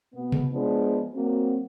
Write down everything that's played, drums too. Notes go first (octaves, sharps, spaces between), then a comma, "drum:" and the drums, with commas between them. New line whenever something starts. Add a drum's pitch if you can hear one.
B2 B3
drum: tom C3
F3 G#3 B3 D4
F#3 A#3 C4 F#4